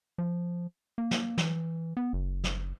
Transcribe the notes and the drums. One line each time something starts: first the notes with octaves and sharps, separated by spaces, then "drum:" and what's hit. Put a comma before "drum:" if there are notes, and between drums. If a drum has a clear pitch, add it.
F3
A#3
drum: snare
E3, drum: snare
B3
F#1
drum: snare